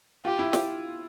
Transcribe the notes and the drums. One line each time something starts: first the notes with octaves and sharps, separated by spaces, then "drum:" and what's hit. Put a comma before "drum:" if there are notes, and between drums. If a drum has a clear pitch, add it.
F4 G4
E4
drum: snare